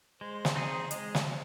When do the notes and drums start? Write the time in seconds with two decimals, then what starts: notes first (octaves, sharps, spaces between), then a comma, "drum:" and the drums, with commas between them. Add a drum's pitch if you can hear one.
0.21 G#3 C5
0.45 drum: snare
0.56 C4 D#4 G#4
0.91 G#3 D#5, drum: hi-hat
1.15 drum: snare